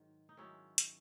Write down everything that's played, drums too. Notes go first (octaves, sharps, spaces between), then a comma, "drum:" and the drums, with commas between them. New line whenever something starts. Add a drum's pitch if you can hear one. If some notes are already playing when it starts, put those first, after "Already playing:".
Already playing: G#2 D#3 F#3
D#4
G#2 D#3 F#3 C#4 E4
drum: hi-hat